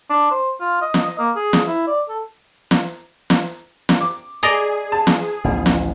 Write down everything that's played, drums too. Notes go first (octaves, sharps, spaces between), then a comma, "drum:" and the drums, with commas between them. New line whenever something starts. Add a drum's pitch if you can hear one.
D4
C5
F4
D#5
drum: snare
D#5
A#3
G#4
drum: snare
E4
D5
A4
drum: snare
drum: snare
drum: snare
D6
G#4 D5 D#5 A#5
A5
drum: snare
A1 D2 B2 F3
drum: snare